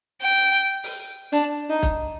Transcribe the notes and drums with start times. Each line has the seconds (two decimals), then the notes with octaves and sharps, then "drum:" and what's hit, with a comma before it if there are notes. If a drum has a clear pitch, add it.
0.22 G5
0.84 drum: open hi-hat
1.33 D4, drum: hi-hat
1.70 D#4
1.83 drum: kick, hi-hat